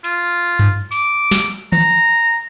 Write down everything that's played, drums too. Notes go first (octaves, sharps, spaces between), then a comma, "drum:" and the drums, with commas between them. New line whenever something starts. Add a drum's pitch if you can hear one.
F4, drum: hi-hat
drum: tom F#2
D6, drum: open hi-hat
drum: snare
A#5, drum: tom D#3